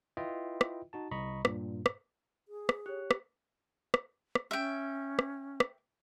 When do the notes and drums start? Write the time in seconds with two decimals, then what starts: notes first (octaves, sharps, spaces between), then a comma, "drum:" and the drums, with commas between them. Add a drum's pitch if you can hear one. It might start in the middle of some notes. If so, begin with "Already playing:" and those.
0.17 E4 F4 B4 D#5 E5 G5
0.61 drum: rim click
0.93 D#4 F#4 A5
1.11 C2 D#5 A#5 B5 C#6
1.45 G2 A#2, drum: rim click
1.86 drum: rim click
2.48 G#4
2.69 drum: rim click
2.86 G4 C#5 F#6
3.11 drum: rim click
3.94 drum: rim click
4.35 drum: rim click
4.51 C#4 E5 G5
5.19 drum: rim click
5.60 drum: rim click